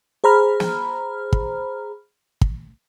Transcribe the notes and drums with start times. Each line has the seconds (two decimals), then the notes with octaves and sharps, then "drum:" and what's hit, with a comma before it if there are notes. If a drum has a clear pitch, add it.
0.24 G#4 C5 A#5 B5 F6
0.60 drum: snare
1.33 drum: kick
2.41 drum: kick